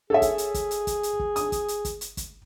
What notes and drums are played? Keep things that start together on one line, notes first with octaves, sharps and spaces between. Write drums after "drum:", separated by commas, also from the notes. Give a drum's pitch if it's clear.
G#4 A4 C#5 E5
drum: kick, hi-hat
drum: hi-hat
drum: kick, hi-hat
drum: hi-hat
drum: kick, hi-hat
drum: hi-hat
drum: kick
D#6, drum: hi-hat
drum: kick, hi-hat
drum: hi-hat
drum: kick, hi-hat
drum: hi-hat
drum: kick, hi-hat